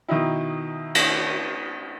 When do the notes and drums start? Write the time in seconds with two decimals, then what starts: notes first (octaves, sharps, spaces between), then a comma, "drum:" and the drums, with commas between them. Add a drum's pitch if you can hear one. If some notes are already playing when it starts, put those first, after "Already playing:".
0.09 B2 D#3 D#4 E4
0.95 drum: cymbal